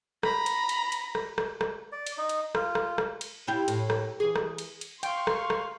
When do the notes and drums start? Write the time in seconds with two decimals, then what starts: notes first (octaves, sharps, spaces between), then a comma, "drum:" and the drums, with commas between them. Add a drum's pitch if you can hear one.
0.23 A#5 B5, drum: rim click
0.46 drum: cymbal
0.69 drum: cymbal
0.92 drum: cymbal
1.15 drum: rim click
1.38 drum: rim click
1.61 drum: rim click
1.92 D5
2.07 drum: cymbal
2.18 D#4
2.29 drum: cymbal
2.55 F4, drum: rim click
2.75 drum: rim click
2.98 drum: rim click
3.21 drum: cymbal
3.47 E4 F4 G4
3.68 A2, drum: cymbal
3.90 drum: rim click
4.20 E3 G#4
4.36 drum: rim click
4.58 drum: cymbal
4.81 drum: cymbal
5.03 F5 G5 C6 C#6, drum: cymbal
5.27 drum: rim click
5.50 drum: rim click